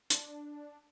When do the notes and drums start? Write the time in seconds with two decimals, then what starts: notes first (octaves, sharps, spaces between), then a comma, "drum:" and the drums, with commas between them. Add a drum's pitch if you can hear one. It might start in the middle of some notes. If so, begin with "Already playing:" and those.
0.10 D4, drum: hi-hat